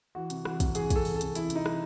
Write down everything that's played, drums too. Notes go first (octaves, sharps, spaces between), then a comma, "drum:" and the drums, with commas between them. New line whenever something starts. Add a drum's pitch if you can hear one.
E3 F#4
C3, drum: hi-hat
E3 F#4, drum: rim click
C3, drum: kick, hi-hat
E3 G#4, drum: hi-hat
C3, drum: kick, hi-hat
A4
E3, drum: open hi-hat
A4
C3, drum: hi-hat
E3 E4, drum: hi-hat
C3, drum: hi-hat
D#4
E3, drum: rim click